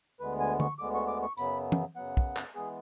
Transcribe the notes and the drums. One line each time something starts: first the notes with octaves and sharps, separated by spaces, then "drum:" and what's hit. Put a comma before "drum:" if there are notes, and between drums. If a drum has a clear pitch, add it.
D2 D3 G#3 B3 B4
G#5
C#6, drum: tom
D2 D3 G#3 B3 D6
C#6
D6
C#6
F#2 C#3 F#3 B3 B5, drum: tambourine
drum: tom
F#2 C#3 F#3 B3 F#5
drum: kick
drum: clap
E3 G#3 B3 G#4